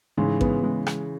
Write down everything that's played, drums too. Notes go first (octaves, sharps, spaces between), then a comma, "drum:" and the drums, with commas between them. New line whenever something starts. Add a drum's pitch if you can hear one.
G#2 C#3 E3
B3, drum: kick A1
G#3
drum: rim click